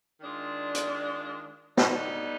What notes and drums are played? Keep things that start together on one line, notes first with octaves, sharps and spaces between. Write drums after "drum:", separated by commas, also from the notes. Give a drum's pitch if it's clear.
D#3 G#3 D4 F4
drum: hi-hat
D3 G3 B3 D#4, drum: snare